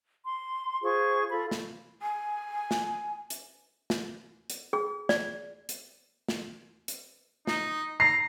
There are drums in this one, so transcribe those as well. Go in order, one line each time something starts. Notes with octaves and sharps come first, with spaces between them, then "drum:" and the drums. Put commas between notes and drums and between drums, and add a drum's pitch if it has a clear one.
C6
F4 G#4 C5 C#6
F4 A4 B5
drum: snare
G#5
drum: snare
drum: hi-hat
drum: snare
drum: hi-hat
G#4
D5, drum: snare
drum: hi-hat
drum: snare
drum: hi-hat
D#4, drum: snare
A#5 C7